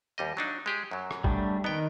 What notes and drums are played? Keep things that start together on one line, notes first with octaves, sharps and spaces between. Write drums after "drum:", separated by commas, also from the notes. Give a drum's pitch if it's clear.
D#2 G3 D#5
F#3 D4 D#4
G#3 G4 G#4
F#2 F#3
drum: rim click
G3 A3 D4, drum: kick
D#3 B3 D#4 G5